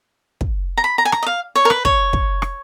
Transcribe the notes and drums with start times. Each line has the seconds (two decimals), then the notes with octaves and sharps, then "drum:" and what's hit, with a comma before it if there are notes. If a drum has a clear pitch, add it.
0.41 drum: kick
0.77 A#5
0.84 B5
0.98 A#5
1.05 G#5
1.12 A#5, drum: rim click
1.23 D#5
1.27 F5
1.55 C#5
1.65 A#4
1.70 B4, drum: rim click
1.85 C#5, drum: kick
2.13 drum: kick
2.42 drum: rim click